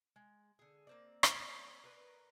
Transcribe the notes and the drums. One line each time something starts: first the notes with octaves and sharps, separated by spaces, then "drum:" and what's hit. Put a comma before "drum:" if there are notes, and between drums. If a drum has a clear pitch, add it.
G#3
D3 G#4
A#3 C4 D5
drum: rim click
A#4 B4 D5